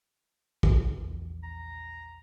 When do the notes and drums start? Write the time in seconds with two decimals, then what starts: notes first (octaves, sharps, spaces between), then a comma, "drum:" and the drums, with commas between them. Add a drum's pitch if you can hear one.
0.63 drum: kick
1.01 A#1 E2
1.43 A#5